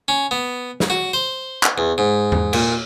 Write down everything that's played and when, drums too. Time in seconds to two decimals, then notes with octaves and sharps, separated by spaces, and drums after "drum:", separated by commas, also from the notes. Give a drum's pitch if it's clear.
0.08 C#4
0.31 B3
0.80 drum: snare
0.90 F#4
1.13 C5
1.63 drum: clap
1.78 E2
1.98 G#2
2.32 drum: tom E2
2.53 A#2, drum: cymbal